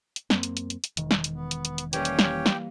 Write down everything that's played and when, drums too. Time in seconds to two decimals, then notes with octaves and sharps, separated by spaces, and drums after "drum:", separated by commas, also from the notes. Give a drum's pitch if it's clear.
0.16 drum: hi-hat
0.30 F#2 A#3 C4, drum: snare
0.43 drum: hi-hat
0.57 drum: hi-hat
0.70 drum: hi-hat
0.84 drum: hi-hat
0.97 E1 D#3, drum: hi-hat
1.11 drum: snare
1.24 drum: hi-hat
1.34 B3
1.51 drum: hi-hat
1.65 drum: hi-hat
1.78 drum: hi-hat
1.93 E3 G3 A#3 C#4 G4 C#5 G5, drum: hi-hat
2.05 drum: hi-hat
2.19 drum: snare
2.46 drum: snare